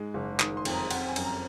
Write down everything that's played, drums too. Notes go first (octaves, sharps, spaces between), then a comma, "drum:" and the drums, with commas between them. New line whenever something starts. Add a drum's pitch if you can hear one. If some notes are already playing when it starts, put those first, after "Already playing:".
Already playing: G#2 G#3
F#1
D#3 D#6, drum: clap
C6
F2, drum: cymbal
A#5
C4 F#5, drum: cymbal
G#5
F#2, drum: cymbal
A#5